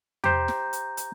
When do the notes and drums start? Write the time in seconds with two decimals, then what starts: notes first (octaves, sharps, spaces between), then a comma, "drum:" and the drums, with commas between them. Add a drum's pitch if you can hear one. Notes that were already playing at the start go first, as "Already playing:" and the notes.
0.24 G4 C5 A#5 G6, drum: tom E2
0.48 drum: snare
0.73 drum: hi-hat
0.97 drum: hi-hat